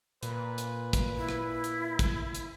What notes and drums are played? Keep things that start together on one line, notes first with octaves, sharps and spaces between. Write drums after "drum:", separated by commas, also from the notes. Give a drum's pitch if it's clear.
A#2 B4, drum: hi-hat
drum: hi-hat
drum: kick, hi-hat
E4
drum: rim click
drum: hi-hat
drum: kick, hi-hat
drum: hi-hat